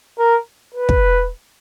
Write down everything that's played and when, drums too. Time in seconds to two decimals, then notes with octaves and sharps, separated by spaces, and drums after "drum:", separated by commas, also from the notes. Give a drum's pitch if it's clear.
0.19 A#4
0.74 B4
0.89 drum: kick